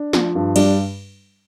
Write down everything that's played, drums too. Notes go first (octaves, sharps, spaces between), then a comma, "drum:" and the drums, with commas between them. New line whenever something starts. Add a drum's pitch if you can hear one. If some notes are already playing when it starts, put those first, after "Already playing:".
Already playing: D4
F3, drum: snare
G2
G3 D4, drum: cymbal